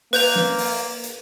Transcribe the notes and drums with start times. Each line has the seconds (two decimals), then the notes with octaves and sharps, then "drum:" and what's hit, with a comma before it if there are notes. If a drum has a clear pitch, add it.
0.13 A#3 B4 G6 F7, drum: open hi-hat
0.36 drum: snare
0.58 drum: open hi-hat
1.03 drum: hi-hat